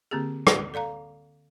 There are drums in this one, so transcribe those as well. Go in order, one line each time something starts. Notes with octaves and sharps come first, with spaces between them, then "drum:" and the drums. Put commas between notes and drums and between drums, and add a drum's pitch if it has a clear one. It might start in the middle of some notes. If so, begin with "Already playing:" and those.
D3 A#3 C4 G4 G#4
drum: rim click
A4 D5 F5 A#5